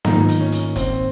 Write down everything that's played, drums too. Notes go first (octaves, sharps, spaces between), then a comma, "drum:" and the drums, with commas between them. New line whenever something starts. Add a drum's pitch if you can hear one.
G#2 D#3 A#3 D#4 F4, drum: snare B3
drum: hi-hat
C#4
drum: hi-hat
C4, drum: kick, hi-hat